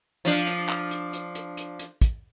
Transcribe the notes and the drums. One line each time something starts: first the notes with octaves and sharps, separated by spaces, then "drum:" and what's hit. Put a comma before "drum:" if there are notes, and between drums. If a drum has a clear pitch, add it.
F3 D4, drum: hi-hat
drum: hi-hat
drum: clap
drum: hi-hat
drum: hi-hat
drum: hi-hat
drum: hi-hat
drum: hi-hat
drum: kick, hi-hat